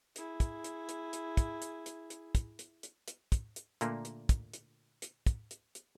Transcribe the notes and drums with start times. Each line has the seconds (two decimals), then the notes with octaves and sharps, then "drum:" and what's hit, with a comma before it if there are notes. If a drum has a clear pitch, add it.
0.16 E4 G#4, drum: hi-hat
0.40 drum: kick, hi-hat
0.64 drum: hi-hat
0.89 drum: hi-hat
1.13 drum: hi-hat
1.37 drum: kick, hi-hat
1.62 drum: hi-hat
1.86 drum: hi-hat
2.10 drum: hi-hat
2.35 drum: kick, hi-hat
2.59 drum: hi-hat
2.83 drum: hi-hat
3.08 drum: hi-hat
3.32 drum: kick, hi-hat
3.56 drum: hi-hat
3.81 A#2 D3 A3 A#3, drum: hi-hat
4.05 drum: hi-hat
4.29 drum: kick, hi-hat
4.54 drum: hi-hat
5.02 drum: hi-hat
5.26 drum: kick, hi-hat
5.51 drum: hi-hat
5.75 drum: hi-hat